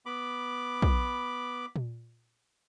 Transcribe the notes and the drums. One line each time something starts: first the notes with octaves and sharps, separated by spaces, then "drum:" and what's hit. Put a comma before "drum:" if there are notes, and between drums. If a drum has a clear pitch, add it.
B3 B5 D6
drum: kick
drum: tom A#2